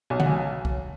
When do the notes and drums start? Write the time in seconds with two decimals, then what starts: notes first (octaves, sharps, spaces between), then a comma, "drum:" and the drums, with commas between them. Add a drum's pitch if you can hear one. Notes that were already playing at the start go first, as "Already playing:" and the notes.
0.10 B1
0.20 F#5, drum: tom C#3
0.26 F#3 G#5
0.65 drum: kick C2